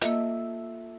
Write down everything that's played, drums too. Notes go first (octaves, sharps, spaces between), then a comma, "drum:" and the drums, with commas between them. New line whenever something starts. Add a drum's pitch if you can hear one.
A#3 F4 A4 D#5 E5, drum: hi-hat